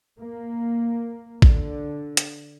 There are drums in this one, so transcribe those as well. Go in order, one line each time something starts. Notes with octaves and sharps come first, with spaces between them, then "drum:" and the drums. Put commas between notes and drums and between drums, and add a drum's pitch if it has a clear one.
A#3
D3, drum: kick A1
drum: hi-hat